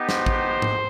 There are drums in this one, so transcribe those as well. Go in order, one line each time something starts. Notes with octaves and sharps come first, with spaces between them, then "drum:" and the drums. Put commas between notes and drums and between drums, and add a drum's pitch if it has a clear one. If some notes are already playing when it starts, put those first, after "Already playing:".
Already playing: B3 D#4 G4
C5, drum: snare
drum: kick
drum: tom G#2